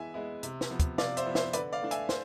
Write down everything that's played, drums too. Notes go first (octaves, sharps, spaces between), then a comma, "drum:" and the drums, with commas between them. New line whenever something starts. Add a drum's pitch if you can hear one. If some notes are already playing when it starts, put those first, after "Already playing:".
Already playing: E3 G#3 B3 E5 G#5
G#3 B3 E4
C3, drum: hi-hat
drum: snare
F3 B3
drum: kick, hi-hat
C3 D5 F5, drum: snare
C5 E5, drum: hi-hat
F3 B3
C5 E5, drum: snare
D3 B4 D5, drum: hi-hat
D5 F5
A3 D4
E5 G#5, drum: hi-hat
C5, drum: snare